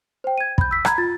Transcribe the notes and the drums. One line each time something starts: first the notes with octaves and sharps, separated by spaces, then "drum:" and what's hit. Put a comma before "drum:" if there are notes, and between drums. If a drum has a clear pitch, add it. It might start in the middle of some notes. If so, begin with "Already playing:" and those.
C5 G5
G#6 D#7
B5 G6, drum: kick
E6 B6
A#5 B5 G#6, drum: rim click
F4 A6